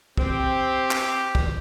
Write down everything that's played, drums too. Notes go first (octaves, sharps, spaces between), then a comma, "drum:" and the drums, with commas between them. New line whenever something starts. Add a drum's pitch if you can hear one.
C4 G4, drum: kick
drum: clap
drum: kick